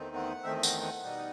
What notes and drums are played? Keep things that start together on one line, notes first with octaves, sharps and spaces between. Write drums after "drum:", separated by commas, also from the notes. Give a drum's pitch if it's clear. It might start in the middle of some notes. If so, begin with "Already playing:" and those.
Already playing: E2 D#3 A3 C4 D#4
F#5
E2 D#3 A3 C4 D#4 E5
E5
F#5, drum: tambourine
F#5
B2 G3 D#4